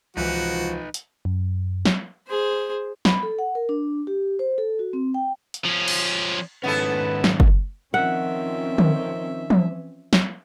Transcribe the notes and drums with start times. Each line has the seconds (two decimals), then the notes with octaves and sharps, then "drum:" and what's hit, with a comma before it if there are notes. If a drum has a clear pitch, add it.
0.17 C#2 E3 F3 D#4 F#4 B4
0.94 drum: hi-hat
1.25 F#2
1.85 drum: snare
2.28 G#4 C5
3.05 B5, drum: snare
3.23 A4
3.39 F#5
3.55 A#4
3.69 D4
4.07 G4
4.39 C5
4.58 A4
4.79 F#4
4.93 C4
5.14 G5
5.54 drum: hi-hat
5.64 F3 C#4
5.88 drum: cymbal
6.64 G#2 D#3 B3 C#4 E4 A4 B4
7.24 drum: snare
7.40 drum: kick F#1
7.94 D#3 F3 C4 C#4 E5 F#5
8.78 drum: tom D3
9.50 drum: tom
10.13 drum: snare